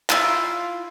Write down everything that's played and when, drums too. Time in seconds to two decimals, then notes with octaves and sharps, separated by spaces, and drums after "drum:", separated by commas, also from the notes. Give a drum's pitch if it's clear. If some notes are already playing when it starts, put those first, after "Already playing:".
0.10 E4 F4, drum: clap